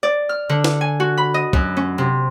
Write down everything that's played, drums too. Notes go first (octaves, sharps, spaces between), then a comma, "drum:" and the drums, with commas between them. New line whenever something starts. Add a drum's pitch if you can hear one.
D5
F6
D3
drum: snare
G#5
F#4
B5
D#5
F#2, drum: kick
C#4
C3